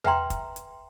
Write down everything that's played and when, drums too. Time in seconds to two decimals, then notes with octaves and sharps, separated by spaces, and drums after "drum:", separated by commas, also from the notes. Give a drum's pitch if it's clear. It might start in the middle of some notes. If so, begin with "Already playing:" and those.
0.04 B4 E5 F#5 G5 A#5 C6, drum: tom E2
0.30 drum: kick, hi-hat
0.56 drum: hi-hat